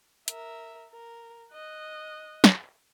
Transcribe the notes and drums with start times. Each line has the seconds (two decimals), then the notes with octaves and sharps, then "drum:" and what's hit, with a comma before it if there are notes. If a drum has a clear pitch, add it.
0.28 A#4 E5, drum: hi-hat
0.91 A#4
1.53 D#5 F#6
2.44 drum: snare